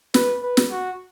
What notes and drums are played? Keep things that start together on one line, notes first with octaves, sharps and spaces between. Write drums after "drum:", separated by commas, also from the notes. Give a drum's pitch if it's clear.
B4, drum: snare
B4
drum: snare
F#4